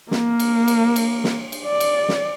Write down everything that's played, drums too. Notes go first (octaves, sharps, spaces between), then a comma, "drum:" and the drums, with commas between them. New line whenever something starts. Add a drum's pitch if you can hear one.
A#3, drum: snare
drum: cymbal
drum: cymbal
drum: cymbal
drum: snare
drum: cymbal
D5
drum: cymbal
drum: snare